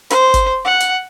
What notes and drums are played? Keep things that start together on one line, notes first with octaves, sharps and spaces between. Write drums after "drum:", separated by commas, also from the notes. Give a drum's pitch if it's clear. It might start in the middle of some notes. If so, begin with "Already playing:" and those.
C5, drum: hi-hat
drum: kick G1, hi-hat
F#5
drum: hi-hat